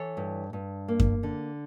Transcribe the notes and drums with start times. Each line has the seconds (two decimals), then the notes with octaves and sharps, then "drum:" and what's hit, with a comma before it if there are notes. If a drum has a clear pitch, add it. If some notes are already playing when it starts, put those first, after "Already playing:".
Already playing: E3 A4 C#5
0.17 G2
0.53 G2
0.88 A#3
1.00 drum: kick F#2
1.23 D3